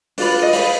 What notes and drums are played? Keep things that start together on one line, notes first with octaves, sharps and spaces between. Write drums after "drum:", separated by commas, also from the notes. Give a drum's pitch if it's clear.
D4 F4 B4, drum: open hi-hat
D#5
D#4 G#4 B4 F5, drum: open hi-hat